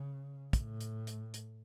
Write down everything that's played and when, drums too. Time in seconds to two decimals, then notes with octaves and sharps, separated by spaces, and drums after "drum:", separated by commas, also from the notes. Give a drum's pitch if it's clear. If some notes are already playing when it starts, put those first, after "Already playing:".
Already playing: C#3
0.53 A2, drum: kick, hi-hat
0.81 drum: hi-hat
1.07 drum: hi-hat
1.34 drum: hi-hat